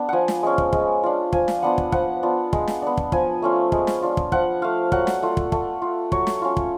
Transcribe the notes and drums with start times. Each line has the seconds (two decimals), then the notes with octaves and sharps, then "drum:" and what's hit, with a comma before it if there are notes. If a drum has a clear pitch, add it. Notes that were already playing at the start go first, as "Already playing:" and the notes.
Already playing: B3 D4
0.09 F3 F#5 G#5
0.28 drum: snare
0.43 G#3 C#4
0.58 drum: kick
0.73 G#3, drum: kick
1.03 D4 F4
1.33 F3 G#5, drum: kick
1.48 drum: snare
1.62 B3 D4 F4 F#5
1.78 drum: kick
1.92 F3 F#5, drum: kick
2.23 B3 D4 F4
2.53 G#3, drum: kick
2.67 drum: snare
2.82 B3 D4
2.97 drum: kick
3.12 F3 G#5, drum: kick
3.42 A3 C#4 F4
3.72 G#3, drum: kick
3.87 drum: snare
4.02 D4 F4
4.17 drum: kick
4.32 F3 F#5, drum: kick
4.62 A3 F4 F5
4.92 F#3 F#5, drum: kick
5.07 drum: snare
5.22 A3 F4
5.37 drum: kick
5.52 A3, drum: kick
5.82 F4
6.12 F#3 C#5, drum: kick
6.27 drum: snare
6.42 C#4 F4
6.57 drum: kick